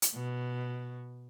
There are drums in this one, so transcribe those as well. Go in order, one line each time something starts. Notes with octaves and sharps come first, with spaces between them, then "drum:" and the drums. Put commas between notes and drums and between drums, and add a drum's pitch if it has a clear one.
drum: hi-hat
B2